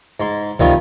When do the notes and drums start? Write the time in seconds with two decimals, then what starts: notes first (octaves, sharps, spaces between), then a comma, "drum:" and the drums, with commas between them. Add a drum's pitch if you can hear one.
0.20 G#2 C6
0.59 C3 D#3 F3 G3, drum: kick